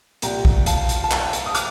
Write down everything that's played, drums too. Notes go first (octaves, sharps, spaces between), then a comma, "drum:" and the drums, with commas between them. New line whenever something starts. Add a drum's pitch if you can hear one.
C2 A#2 G3 G5 A#5, drum: hi-hat
drum: kick A#1
F5 A5, drum: hi-hat
drum: hi-hat
A5
G5 A#5, drum: clap
drum: hi-hat
D#6
D6 F6, drum: hi-hat